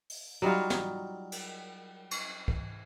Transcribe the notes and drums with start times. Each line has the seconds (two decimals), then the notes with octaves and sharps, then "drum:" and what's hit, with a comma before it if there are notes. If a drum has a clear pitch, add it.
0.10 drum: open hi-hat
0.42 F#3 G3 D#4 F4
0.70 drum: snare
1.32 drum: cymbal
2.11 drum: cymbal
2.48 drum: kick